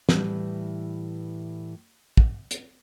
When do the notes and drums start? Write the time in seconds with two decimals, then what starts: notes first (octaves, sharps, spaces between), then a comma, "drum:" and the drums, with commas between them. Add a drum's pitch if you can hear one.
0.09 A2 E3 G3, drum: snare
2.17 drum: kick
2.51 drum: hi-hat